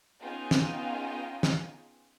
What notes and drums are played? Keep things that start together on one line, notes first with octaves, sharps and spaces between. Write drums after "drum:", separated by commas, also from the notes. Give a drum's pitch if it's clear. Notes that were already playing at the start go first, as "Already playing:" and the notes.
B3 C#4 D#4 F4 G#4 G5
drum: snare
drum: snare